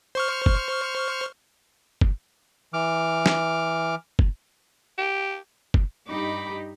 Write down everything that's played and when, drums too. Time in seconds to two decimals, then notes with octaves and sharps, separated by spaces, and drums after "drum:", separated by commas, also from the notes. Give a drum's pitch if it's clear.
0.15 C5 C#6 F6
0.46 drum: kick
2.01 drum: kick
2.73 E3 D6 F6
3.26 drum: snare
4.19 drum: kick
4.98 G4
5.74 drum: kick
6.08 G2 D#4 G4 B5 D6